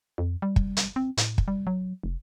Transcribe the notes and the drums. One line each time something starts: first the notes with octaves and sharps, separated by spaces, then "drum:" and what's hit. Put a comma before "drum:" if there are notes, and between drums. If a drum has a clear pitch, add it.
F2
G3
drum: kick
drum: hi-hat
C4
A2, drum: hi-hat
drum: kick
G3
F#3
F1